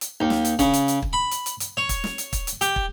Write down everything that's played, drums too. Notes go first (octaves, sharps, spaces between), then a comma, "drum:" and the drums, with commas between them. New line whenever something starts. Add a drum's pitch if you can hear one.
drum: hi-hat
D#2
drum: snare
drum: hi-hat
C#3, drum: kick, hi-hat
drum: hi-hat
drum: hi-hat
drum: kick
B5
drum: hi-hat
drum: hi-hat
drum: hi-hat
C#5
drum: kick, hi-hat
drum: snare
drum: hi-hat
drum: kick, hi-hat
drum: hi-hat
G4, drum: hi-hat
drum: kick